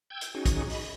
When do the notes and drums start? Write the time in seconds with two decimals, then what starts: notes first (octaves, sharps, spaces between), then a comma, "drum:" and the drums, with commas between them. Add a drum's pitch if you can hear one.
0.10 G5 E6 G6 G#6
0.21 drum: hi-hat
0.35 C#4 D#4 F#4 G#4
0.46 drum: kick, hi-hat
0.70 D#5 B5, drum: open hi-hat